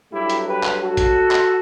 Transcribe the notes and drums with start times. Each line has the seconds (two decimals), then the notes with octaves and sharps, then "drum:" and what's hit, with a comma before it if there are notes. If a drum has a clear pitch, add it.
0.12 G2 F#3 A3 E4 G4
0.30 drum: hi-hat
0.47 G4 B4
0.63 drum: clap
0.80 F#4 A4
0.97 drum: kick, hi-hat
1.31 drum: clap